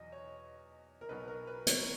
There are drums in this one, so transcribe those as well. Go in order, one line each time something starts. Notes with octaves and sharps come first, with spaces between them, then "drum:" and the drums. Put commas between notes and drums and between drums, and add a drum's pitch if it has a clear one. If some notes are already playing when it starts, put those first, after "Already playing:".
Already playing: E2 B2 F#3 D#5
C#5
A#4
B1 B2 F#3 B4
A#4
B4
C#5, drum: hi-hat